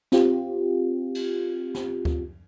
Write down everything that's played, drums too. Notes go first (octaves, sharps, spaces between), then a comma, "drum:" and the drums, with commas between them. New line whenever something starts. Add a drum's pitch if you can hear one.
C4 F4 G4, drum: snare
drum: cymbal
drum: snare
drum: kick D2